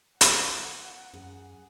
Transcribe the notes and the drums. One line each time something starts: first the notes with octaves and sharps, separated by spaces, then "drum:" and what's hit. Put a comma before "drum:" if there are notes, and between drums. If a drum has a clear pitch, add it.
F4 A#4 F#5, drum: hi-hat
F#2 G#4